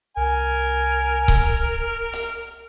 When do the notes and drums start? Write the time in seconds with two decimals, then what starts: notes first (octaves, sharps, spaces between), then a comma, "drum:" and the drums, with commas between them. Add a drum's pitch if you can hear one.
0.17 C2 A#4 G#5
1.28 drum: kick C#1
2.13 drum: hi-hat